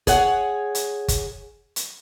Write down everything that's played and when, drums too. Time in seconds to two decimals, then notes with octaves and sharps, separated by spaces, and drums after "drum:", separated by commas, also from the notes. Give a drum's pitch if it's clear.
0.07 G#4 C#5 F#5, drum: kick G1, hi-hat
0.75 drum: hi-hat
1.08 drum: kick G1, hi-hat
1.76 drum: hi-hat